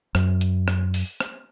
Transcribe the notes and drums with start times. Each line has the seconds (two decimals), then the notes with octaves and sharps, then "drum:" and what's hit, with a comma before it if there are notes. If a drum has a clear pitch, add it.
0.15 F#2, drum: rim click
0.41 drum: hi-hat
0.68 drum: rim click
0.94 drum: open hi-hat
1.20 drum: rim click